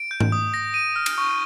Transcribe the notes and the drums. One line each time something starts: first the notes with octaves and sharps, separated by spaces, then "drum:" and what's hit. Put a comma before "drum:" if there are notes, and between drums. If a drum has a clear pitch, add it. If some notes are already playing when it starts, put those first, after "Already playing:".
Already playing: D7
G6
drum: tom G#2
D#6
A#6
D#7
F6
drum: cymbal
C#6